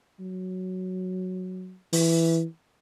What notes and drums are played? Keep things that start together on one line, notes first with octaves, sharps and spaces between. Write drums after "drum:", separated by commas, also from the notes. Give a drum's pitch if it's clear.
F#3
E3, drum: open hi-hat